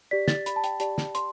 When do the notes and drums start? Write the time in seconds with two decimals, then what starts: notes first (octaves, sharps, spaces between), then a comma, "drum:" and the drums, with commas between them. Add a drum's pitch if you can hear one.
0.11 G4 D5 B6
0.28 A6, drum: snare
0.46 B5, drum: hi-hat
0.56 A5
0.64 G5, drum: hi-hat
0.80 G4 D5 A5, drum: hi-hat
0.98 drum: snare
1.15 C6, drum: hi-hat